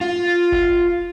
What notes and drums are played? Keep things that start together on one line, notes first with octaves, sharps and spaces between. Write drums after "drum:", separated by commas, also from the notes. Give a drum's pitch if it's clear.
F4
drum: kick F#1